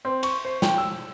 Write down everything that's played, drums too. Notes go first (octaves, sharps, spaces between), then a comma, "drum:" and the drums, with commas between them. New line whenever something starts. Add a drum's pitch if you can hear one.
C4
C#6, drum: cymbal
C5
G5, drum: snare
E6